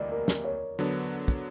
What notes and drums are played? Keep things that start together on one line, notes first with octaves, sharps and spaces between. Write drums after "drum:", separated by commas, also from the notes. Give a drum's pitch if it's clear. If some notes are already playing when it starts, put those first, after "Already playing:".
Already playing: D2 C3 E3 G3 A#3 D5 D#5
A#4
drum: snare
C#5
D3 F#3 B3 D4
drum: kick